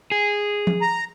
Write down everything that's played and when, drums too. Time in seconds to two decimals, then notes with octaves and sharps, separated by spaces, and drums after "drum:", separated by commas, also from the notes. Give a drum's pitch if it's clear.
0.12 G#4
0.67 drum: tom F3
0.81 A#5